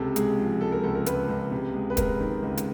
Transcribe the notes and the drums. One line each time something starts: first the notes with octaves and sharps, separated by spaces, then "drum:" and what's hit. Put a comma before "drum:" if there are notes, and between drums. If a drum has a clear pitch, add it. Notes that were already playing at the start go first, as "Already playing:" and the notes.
Already playing: C#2 C3 A4
G#3 G#4, drum: hi-hat
F3
G#3 A4
A#4
C#2 A4
A#4
C#2 B4, drum: hi-hat
C#2
C3
G#3
B4
G#3 A#4, drum: kick, hi-hat
D#3
C#2
drum: hi-hat